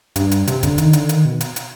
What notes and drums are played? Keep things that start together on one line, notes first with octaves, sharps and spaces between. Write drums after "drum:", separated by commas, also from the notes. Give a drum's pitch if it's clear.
G2, drum: hi-hat
drum: hi-hat
C3, drum: hi-hat
D3, drum: kick, hi-hat
D#3, drum: hi-hat
D3, drum: hi-hat
D#3, drum: hi-hat
B2
drum: hi-hat
drum: hi-hat